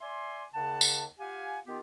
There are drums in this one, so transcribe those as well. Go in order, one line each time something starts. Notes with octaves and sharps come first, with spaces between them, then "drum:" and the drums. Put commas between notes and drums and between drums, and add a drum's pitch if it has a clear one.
D5 E5 G#5 C6
D#2 C#3 F#5 A5
drum: tambourine
F4 G4 F5 F#5 G#5
D#3 B3 F4 G4